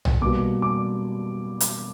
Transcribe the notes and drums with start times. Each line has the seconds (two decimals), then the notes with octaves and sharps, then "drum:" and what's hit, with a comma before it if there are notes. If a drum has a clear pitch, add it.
0.05 drum: tom
0.21 B2 G3 A#3 D6
0.62 D6
1.60 drum: hi-hat